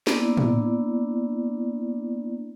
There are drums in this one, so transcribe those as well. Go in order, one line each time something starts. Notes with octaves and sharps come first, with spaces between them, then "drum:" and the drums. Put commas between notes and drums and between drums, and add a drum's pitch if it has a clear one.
A#3 B3 D4 E4 D5, drum: snare
drum: tom A2